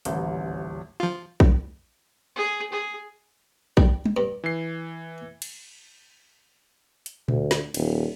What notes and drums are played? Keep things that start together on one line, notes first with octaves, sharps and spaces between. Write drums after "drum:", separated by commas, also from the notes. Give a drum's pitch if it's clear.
D#1 A1 D2, drum: hi-hat
F3 F4
drum: kick A#1
G#4
G#4
G3, drum: kick A#1
drum: tom G3
G2
E3 C7
drum: cymbal
drum: hi-hat
D2, drum: tom A#2
drum: snare
D#1, drum: cymbal